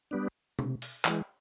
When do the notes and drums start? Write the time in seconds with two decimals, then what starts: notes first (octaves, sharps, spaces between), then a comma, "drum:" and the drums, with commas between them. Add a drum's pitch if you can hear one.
0.11 G3 B3 D4
0.59 C3, drum: tom B2
0.82 drum: open hi-hat
1.05 E3 G#3, drum: clap